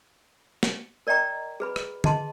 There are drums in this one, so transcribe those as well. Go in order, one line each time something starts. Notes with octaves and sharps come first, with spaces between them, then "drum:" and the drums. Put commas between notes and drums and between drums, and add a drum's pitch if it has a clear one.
drum: snare
A#4 D5 D#5 G5 A#5 C#6
G#4 B4 B5
drum: rim click
G#4 D#5 A5 C6, drum: tom